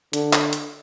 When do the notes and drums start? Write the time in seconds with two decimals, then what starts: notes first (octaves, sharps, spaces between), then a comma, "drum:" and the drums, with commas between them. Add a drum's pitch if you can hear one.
0.13 D3, drum: hi-hat
0.33 drum: clap
0.53 drum: hi-hat